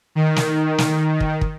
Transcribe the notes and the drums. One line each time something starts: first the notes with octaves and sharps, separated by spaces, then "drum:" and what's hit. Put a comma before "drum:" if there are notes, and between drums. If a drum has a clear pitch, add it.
D#3
drum: snare
drum: snare
drum: kick
drum: kick